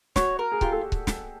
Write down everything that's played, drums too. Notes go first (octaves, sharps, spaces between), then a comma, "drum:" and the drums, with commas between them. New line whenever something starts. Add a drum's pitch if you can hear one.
F#4 C#5, drum: snare
A#4
G#4
F4 G4, drum: kick C#1
A4
drum: kick C#1
drum: snare